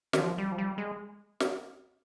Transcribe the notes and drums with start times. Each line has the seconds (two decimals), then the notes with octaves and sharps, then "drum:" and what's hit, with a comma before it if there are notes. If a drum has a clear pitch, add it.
0.13 D#3, drum: snare
0.19 F3
0.38 G3
0.52 F3
0.58 G3
0.78 G#3
1.40 drum: snare